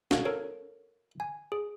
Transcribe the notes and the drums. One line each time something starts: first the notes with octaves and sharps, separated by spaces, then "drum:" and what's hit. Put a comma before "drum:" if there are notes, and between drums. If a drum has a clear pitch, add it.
F#4 F5, drum: snare
A4 A#4 C#5
G#5
G#4